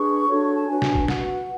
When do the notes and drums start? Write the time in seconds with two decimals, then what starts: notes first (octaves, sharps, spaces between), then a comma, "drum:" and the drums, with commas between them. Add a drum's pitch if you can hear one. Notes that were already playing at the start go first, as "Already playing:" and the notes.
Already playing: D4 G#4 B4 C#6
0.28 D4 F#4 A4 C#5
0.42 C#6
0.55 A5
0.68 D4 F#4 B4 G#5
0.82 drum: snare
0.95 drum: kick G#1
1.08 F#4 B4 F#5, drum: snare